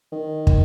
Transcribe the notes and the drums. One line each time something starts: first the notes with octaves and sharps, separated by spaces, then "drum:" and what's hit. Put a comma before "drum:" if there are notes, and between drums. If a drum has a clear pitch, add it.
D#3
drum: kick